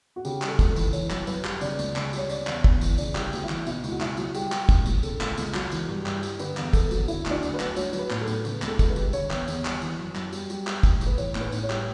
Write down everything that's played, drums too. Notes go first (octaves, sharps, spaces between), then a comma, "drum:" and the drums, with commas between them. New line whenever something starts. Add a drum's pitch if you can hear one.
F#4
C#3 G4, drum: tambourine
G3, drum: clap
A4
C#2, drum: kick, tambourine
A4
E3, drum: tambourine
E3 C#5, drum: tambourine
F#2, drum: clap
F#2 B4, drum: tambourine
G3, drum: clap
C#3 D5, drum: tambourine
C#2, drum: tambourine
C#2, drum: clap
G3 C#5, drum: tambourine
C#3 D5, drum: tambourine
E2, drum: clap
E2, drum: kick
E3, drum: tambourine
C#3 D5, drum: tambourine
G3, drum: clap
G4
D2, drum: tambourine
E4
E3, drum: clap
B2 E4, drum: tambourine
C#2, drum: tambourine
F#4
C#2 E4, drum: clap
F#3, drum: tambourine
G3 G4, drum: tambourine
G3, drum: clap
A2, drum: kick, tambourine
A2, drum: tambourine
C#3 A4, drum: tambourine
C#2, drum: clap
C#2, drum: tambourine
F#3, drum: clap
E3, drum: tambourine
G2
G2, drum: clap
G3, drum: tambourine
D3 B4, drum: tambourine
E2, drum: clap
E2 A4, drum: kick, tambourine
F#3, drum: tambourine
D3 E4, drum: tambourine
D2, drum: clap
D4
D2, drum: tambourine
B4
F#3, drum: clap
F#3 C#5, drum: tambourine
F#3, drum: tambourine
B4
A2, drum: clap
A4
A2, drum: tambourine
C#3 B4, drum: tambourine
C#2, drum: clap
A4
C#2, drum: kick, tambourine
B4
G3, drum: tambourine
D3 C#5, drum: tambourine
E2, drum: clap
E2, drum: tambourine
G3, drum: clap
E3, drum: tambourine
F#2
F#2, drum: clap
G3, drum: tambourine
G3, drum: tambourine
G3, drum: clap
A2, drum: kick, tambourine
A2, drum: tambourine
B4
E3 C#5, drum: tambourine
A2, drum: clap
B4
A2, drum: tambourine
C#5
G3, drum: clap